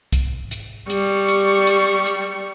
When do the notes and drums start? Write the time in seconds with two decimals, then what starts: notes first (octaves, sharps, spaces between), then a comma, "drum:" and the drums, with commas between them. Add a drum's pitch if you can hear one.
0.12 drum: kick B1, hi-hat
0.51 drum: hi-hat
0.90 G3 C#6, drum: hi-hat
1.28 drum: hi-hat
1.67 drum: hi-hat
2.06 drum: hi-hat